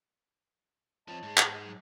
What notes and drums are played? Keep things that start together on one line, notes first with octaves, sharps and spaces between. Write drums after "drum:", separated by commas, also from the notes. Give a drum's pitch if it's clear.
F3 C4 C#5 D#5 A5
G#2 G#3
drum: clap
F#3